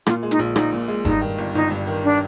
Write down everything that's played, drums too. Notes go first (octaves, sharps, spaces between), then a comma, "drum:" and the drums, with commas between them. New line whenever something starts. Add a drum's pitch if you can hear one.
A#2 F4, drum: rim click
G#3
D#4, drum: hi-hat
A#1
A#1 D#4, drum: rim click
A#2
G#3
G2 D#4, drum: kick F1
D#3
G1
G1 D#4
G2
D#3
D4